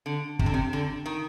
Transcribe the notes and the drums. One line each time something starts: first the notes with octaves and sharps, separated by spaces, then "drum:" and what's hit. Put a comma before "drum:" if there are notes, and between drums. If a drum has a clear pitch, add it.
D3
C3, drum: kick
D3
C3
D3
D#3